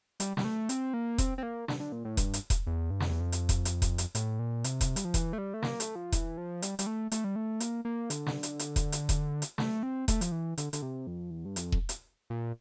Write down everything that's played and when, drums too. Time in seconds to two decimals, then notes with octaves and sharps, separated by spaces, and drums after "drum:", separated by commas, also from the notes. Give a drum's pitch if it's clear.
0.20 G3, drum: hi-hat
0.37 G3, drum: snare
0.44 A3
0.69 C4, drum: hi-hat
0.94 A#3
1.18 C4, drum: kick E1, hi-hat
1.38 C4
1.43 A#3
1.68 D3, drum: snare
1.80 D3
1.92 A#2
2.05 A2
2.17 G2, drum: kick E1, hi-hat
2.34 drum: hi-hat
2.50 drum: kick E1, hi-hat
2.67 E2
2.91 G2
3.00 F2, drum: snare
3.10 E2
3.20 F2
3.32 drum: hi-hat
3.49 drum: kick E1, hi-hat
3.65 drum: hi-hat
3.82 drum: kick E1, hi-hat
3.98 drum: hi-hat
4.15 A2, drum: hi-hat
4.39 A#2
4.64 C3, drum: hi-hat
4.81 drum: kick E1, hi-hat
4.96 G3, drum: hi-hat
5.05 F3
5.14 E3, drum: kick E1, hi-hat
5.33 A3
5.38 G3
5.54 A3
5.63 A#3, drum: snare
5.80 A3, drum: hi-hat
5.96 F3
6.12 E3, drum: kick E1, hi-hat
6.38 F3
6.62 G3, drum: hi-hat
6.79 G3, drum: hi-hat
6.87 A3
7.12 A3, drum: hi-hat
7.24 G3
7.36 A3
7.60 A#3, drum: hi-hat
7.85 A#3
8.10 D3, drum: hi-hat
8.26 drum: snare
8.43 drum: hi-hat
8.59 drum: hi-hat
8.76 drum: kick E1, hi-hat
8.92 drum: hi-hat
9.09 drum: kick E1, hi-hat
9.42 drum: hi-hat
9.58 A3, drum: snare
9.83 C4
10.08 A3, drum: kick E1, hi-hat
10.21 F3, drum: hi-hat
10.32 E3
10.58 D3, drum: hi-hat
10.73 D3, drum: hi-hat
10.82 C3
11.07 F2
11.31 E2
11.45 G2
11.56 F2, drum: hi-hat
11.72 drum: kick E1
11.89 drum: hi-hat
12.30 A#2